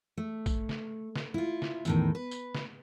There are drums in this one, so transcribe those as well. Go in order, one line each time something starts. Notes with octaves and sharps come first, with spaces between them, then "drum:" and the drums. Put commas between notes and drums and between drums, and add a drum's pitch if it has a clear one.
A3
drum: kick, tambourine
drum: snare
drum: snare
E4 F4
drum: snare
E2 A2 D#3, drum: tambourine
B4
drum: tambourine
drum: snare